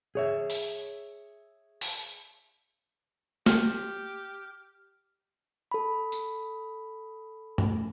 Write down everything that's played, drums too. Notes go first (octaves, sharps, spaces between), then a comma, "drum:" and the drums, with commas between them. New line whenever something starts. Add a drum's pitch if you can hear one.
G#4 C#5 E5
drum: open hi-hat
drum: open hi-hat
G4 F6, drum: snare A3
A4 B5
drum: tambourine
drum: tom G2